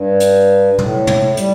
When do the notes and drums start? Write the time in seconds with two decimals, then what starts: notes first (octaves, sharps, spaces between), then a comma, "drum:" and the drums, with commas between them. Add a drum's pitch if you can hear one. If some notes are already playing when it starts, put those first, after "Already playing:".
Already playing: G2
0.20 drum: hi-hat
0.78 A2, drum: tom
1.07 drum: tom
1.37 G3, drum: hi-hat